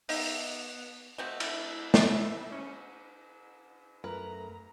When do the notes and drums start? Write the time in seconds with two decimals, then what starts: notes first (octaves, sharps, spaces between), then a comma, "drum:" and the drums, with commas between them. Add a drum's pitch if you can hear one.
0.09 B3 D#4 E5, drum: open hi-hat
1.18 A3 C4 F#4 D#5
1.40 E4, drum: cymbal
1.94 drum: snare
2.52 C#4
4.04 F#2 A3 A#4 B4 A#5